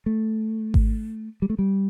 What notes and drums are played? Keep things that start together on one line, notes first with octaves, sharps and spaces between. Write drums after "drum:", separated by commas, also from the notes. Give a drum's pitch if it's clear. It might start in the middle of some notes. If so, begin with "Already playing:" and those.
A3
drum: kick G#1
G3
A3
G3